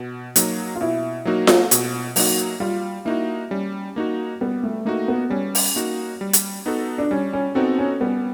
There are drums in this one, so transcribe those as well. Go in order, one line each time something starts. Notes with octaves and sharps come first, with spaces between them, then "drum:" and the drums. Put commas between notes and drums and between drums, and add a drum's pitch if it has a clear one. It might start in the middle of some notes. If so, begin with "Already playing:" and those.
Already playing: B2
F#3 A#3 D#4 F#4, drum: hi-hat
F4
B2 E4
F#3 A#3 D#4 F#4
drum: snare F4
B2, drum: hi-hat
F#3 A#3 D#4 F#4, drum: open hi-hat
G3 F4
A#3 D#4 E4 F#4
G3 C#4
A#3 D#4 F#4
G3 B3
A3
A3 A#3 D#4 F#4
B3
G3 C#4
drum: open hi-hat
A#3 D#4 F#4
G3
drum: hi-hat
B3 D#4 F#4 A4
D4
G3 C#4
C#4
B3 C4 D#4 F#4 A4
C#4
G3 B3